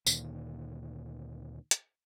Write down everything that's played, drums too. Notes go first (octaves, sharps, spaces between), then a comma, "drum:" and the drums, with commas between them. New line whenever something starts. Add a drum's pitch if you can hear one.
D2 A#2 D#3, drum: tambourine
drum: hi-hat